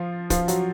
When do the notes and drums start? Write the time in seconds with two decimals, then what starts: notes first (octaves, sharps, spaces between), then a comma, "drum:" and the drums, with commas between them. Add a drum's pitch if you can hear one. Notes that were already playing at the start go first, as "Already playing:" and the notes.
Already playing: F3 F4
0.30 F3 F4, drum: kick, hi-hat
0.48 F#3 F#4, drum: hi-hat